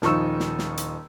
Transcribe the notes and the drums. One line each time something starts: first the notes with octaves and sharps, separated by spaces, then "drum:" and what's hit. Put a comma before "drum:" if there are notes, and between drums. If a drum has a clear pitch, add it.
D#1 F3 D#4 C#6 E6, drum: snare
drum: snare
drum: snare
drum: hi-hat